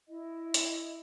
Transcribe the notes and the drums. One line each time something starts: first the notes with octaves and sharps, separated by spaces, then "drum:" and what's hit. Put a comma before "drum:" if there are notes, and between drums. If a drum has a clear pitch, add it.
E4 D#5
drum: hi-hat